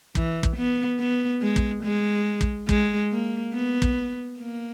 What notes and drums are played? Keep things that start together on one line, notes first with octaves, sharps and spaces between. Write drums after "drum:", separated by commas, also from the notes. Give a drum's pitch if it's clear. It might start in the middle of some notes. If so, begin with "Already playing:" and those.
E3, drum: kick
drum: kick
B3
B3
G#3
drum: kick
G#3
drum: kick
G#3, drum: kick
A#3
B3
drum: kick
A#3